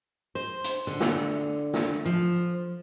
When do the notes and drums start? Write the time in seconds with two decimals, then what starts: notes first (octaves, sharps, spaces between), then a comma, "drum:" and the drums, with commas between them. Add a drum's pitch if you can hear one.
0.35 C5
0.64 drum: hi-hat
0.87 D3
1.00 drum: snare
1.74 drum: snare
2.06 F3